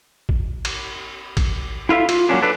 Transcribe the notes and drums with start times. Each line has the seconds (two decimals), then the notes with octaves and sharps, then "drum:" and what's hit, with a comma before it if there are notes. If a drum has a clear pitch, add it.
0.29 drum: kick A1
0.65 drum: cymbal
1.37 drum: kick A1, cymbal
1.89 E4 F4 A4 E5 F5
2.09 F4, drum: cymbal
2.29 F#3 A#3 B3 C#4 D4
2.42 D4 A4 B4